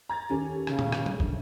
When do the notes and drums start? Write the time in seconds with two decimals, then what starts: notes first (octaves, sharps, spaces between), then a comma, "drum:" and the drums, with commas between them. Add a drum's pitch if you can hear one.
0.09 A#5 G#6 A6
0.30 D#2 C#4 G4 A4
0.67 C#3, drum: rim click
0.79 drum: tom A#2
0.92 drum: rim click
1.06 drum: tom F#3
1.20 A#1, drum: kick